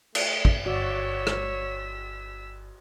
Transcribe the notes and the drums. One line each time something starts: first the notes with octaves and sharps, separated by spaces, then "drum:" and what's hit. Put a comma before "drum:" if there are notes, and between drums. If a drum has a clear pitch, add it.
A3, drum: cymbal
drum: kick
G1 F#4 C#5 D5 E6 B6
drum: rim click